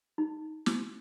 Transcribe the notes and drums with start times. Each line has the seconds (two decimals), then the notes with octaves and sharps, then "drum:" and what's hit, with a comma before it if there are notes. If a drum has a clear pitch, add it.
0.18 D#4
0.66 drum: snare